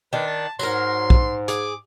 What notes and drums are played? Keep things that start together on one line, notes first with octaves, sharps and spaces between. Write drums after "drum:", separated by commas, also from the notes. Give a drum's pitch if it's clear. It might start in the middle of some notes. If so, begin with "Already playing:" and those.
D#3 D4 B4
A5
G#2 F#3 A#4 C6, drum: tambourine
drum: kick
G#4 D6, drum: hi-hat